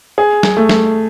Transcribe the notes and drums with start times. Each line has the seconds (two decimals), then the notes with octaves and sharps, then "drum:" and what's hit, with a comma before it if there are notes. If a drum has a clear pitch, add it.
0.18 G#4
0.43 drum: snare
0.57 A3
0.69 drum: snare